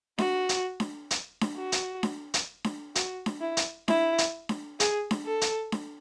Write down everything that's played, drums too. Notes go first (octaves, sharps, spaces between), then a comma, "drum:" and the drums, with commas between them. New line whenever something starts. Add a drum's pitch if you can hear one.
F#4, drum: snare D4
drum: hi-hat
drum: snare D4
drum: hi-hat
drum: snare D4
F#4
drum: hi-hat
drum: snare D4
drum: hi-hat
drum: snare D4
F#4, drum: hi-hat
drum: snare D4
E4
drum: hi-hat
E4, drum: snare D4
drum: hi-hat
drum: snare D4
G#4, drum: hi-hat
drum: snare D4
A4
drum: hi-hat
drum: snare D4